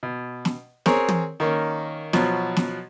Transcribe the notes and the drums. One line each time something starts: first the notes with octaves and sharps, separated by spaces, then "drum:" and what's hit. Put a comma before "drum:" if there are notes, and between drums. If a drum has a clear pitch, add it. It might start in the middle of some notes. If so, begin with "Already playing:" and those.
B2
drum: snare
C4 G#4 A#4 C#5, drum: snare
drum: tom
D#3 A#3 C#4
B2 F3 F#3, drum: snare
drum: snare